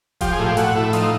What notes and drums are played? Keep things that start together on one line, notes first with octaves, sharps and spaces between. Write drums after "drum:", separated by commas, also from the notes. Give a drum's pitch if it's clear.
F3 G4, drum: kick D#1, hi-hat
G#4
A2
G4
A2 F#4, drum: hi-hat
A2 E4
F3 D#4, drum: hi-hat